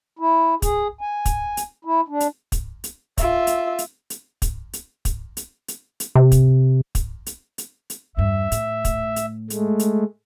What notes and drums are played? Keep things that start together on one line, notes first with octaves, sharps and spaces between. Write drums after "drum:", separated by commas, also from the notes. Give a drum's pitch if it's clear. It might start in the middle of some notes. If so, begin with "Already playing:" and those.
E4
G#4, drum: kick, hi-hat
G#5
drum: kick, hi-hat
drum: hi-hat
E4
D4
drum: hi-hat
drum: kick, hi-hat
drum: hi-hat
F4 E5, drum: kick, hi-hat
drum: hi-hat
drum: hi-hat
drum: hi-hat
drum: kick, hi-hat
drum: hi-hat
drum: kick, hi-hat
drum: hi-hat
drum: hi-hat
drum: hi-hat
C3
drum: kick, hi-hat
drum: kick, hi-hat
drum: hi-hat
drum: hi-hat
drum: hi-hat
E2 G2 E5
A2, drum: hi-hat
drum: kick, hi-hat
drum: hi-hat
G#3 A3, drum: hi-hat
drum: hi-hat